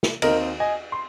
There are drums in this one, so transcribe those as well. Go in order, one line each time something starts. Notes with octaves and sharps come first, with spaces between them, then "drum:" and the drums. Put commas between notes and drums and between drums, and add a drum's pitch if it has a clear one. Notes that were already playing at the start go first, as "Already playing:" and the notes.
drum: snare
D#2 D#3 C4 D#4 A#4 D#5, drum: cymbal
D#5 G#5
C6